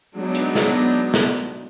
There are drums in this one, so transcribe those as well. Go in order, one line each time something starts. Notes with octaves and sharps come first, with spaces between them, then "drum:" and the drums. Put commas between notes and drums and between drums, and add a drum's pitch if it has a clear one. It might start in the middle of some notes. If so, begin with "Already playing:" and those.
F#3 G#3 B3 D4 D#4
drum: hi-hat
drum: snare
drum: snare